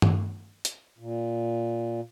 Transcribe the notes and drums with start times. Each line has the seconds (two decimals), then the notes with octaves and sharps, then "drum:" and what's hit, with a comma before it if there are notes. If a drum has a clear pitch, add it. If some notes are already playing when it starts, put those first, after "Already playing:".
0.02 drum: tom G2
0.65 drum: hi-hat
0.99 A#2